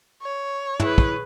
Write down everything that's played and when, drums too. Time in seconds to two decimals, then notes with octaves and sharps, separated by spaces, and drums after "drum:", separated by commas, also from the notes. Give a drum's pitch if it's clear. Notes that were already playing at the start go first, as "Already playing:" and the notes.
0.23 C#5
0.80 E4 G#4 B4, drum: tom
0.98 drum: kick